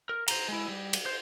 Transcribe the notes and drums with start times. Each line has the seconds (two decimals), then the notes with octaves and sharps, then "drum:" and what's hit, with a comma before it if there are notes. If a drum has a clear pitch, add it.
0.09 A#4
0.28 C5 A#5, drum: cymbal
0.48 G#3 E4
0.68 G3
0.93 drum: cymbal
1.06 C5